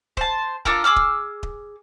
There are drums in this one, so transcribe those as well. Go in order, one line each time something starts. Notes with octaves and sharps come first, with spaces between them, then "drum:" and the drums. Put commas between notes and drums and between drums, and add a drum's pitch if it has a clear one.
C5 A5, drum: kick D#1
D4 F4 A4 A#4, drum: kick D#1
G#4 D6 E6 F6
drum: kick D#1
drum: kick D#1